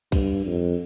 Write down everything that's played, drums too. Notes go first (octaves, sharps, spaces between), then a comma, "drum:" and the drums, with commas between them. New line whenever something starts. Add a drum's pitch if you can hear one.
G2, drum: kick, cymbal
F2